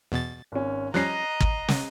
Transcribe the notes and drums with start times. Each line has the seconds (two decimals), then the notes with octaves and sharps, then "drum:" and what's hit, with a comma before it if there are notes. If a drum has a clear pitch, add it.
0.12 E2 B2 A6
0.52 G#1 C#4
0.94 F3 G3 C#4 D#5 A#5 F#6 A#6 C7
1.40 drum: kick
1.68 drum: snare